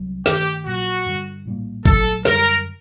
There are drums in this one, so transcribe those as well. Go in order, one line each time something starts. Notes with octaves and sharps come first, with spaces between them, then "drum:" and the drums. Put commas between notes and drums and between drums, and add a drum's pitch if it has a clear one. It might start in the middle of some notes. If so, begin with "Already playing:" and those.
Already playing: C2 F#3
G2 D#3 A3 G4, drum: snare
A#1 A#2 F#3 F#4
G2 D3 G3
A#1 A2 G3 A#3
C2 A#2 F#3 A3 A4, drum: kick G#1
F#2 D3 G3 A#4, drum: snare